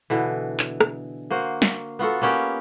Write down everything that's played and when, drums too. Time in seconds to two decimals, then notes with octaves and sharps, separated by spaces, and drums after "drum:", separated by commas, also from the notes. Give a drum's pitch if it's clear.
0.10 B2 D3 E3
0.59 drum: clap
0.81 drum: rim click
1.30 A#3 F#4 C5
1.62 drum: snare
1.99 B3 F4 F#4 A4
2.21 A#3 B3 C#4 G4